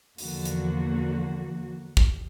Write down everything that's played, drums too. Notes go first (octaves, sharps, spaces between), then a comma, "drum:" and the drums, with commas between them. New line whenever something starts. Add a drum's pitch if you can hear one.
E2 D3 F3 A#3 F#4, drum: open hi-hat
drum: hi-hat
drum: kick